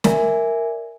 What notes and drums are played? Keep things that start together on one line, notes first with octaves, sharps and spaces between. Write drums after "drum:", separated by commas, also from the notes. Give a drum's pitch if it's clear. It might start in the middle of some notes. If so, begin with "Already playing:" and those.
A#4 D5 E5 G#5, drum: snare